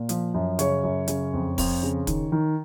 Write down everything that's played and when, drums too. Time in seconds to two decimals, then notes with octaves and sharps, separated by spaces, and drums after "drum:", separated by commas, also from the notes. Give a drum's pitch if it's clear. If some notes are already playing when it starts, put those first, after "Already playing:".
Already playing: A#2
0.09 F3, drum: hi-hat
0.34 F#2
0.59 C#3 C#5, drum: hi-hat
0.84 F#2
1.08 C#3, drum: hi-hat
1.33 F2
1.58 F2, drum: kick, open hi-hat
1.83 C#3
2.07 D#3, drum: kick, hi-hat
2.32 D#3